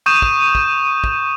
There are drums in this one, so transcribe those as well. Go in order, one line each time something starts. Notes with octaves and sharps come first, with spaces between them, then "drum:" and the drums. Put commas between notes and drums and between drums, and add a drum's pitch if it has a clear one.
C#6 D#6 G6 D#7 E7
drum: kick
drum: kick
drum: kick